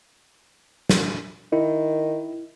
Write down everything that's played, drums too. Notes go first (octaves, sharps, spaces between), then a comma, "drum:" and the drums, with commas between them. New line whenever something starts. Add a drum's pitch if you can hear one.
drum: snare
D#3 E4